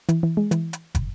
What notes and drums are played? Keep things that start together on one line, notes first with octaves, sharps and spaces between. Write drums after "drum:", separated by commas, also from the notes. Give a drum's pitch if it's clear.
E3, drum: hi-hat
E3
G#3
E3, drum: hi-hat
drum: hi-hat
drum: kick, hi-hat